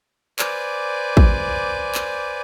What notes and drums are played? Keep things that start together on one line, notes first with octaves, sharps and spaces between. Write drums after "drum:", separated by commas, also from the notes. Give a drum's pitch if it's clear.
B4 C5 D5 G#5 D6, drum: clap
drum: kick A1
drum: clap